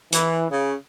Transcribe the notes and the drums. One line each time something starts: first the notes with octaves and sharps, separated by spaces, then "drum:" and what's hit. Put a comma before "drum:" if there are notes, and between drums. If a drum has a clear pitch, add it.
E3, drum: hi-hat
C#3